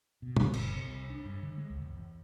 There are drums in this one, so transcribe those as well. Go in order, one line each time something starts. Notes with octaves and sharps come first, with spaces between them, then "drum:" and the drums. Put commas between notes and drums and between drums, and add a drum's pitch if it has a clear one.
B2
C#2, drum: tom
F#1, drum: cymbal
C3
C2
D4
G2
D3
G#3
C#2
E2
E2